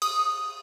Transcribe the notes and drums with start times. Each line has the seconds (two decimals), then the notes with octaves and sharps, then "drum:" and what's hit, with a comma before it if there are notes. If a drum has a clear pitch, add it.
0.02 D#6, drum: cymbal